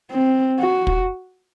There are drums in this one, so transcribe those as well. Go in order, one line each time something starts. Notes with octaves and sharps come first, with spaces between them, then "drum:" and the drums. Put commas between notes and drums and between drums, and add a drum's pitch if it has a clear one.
C4
F#4
drum: kick